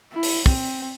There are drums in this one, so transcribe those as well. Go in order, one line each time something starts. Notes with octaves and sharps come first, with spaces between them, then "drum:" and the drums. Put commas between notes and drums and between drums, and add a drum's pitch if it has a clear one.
E4
drum: open hi-hat
C4, drum: kick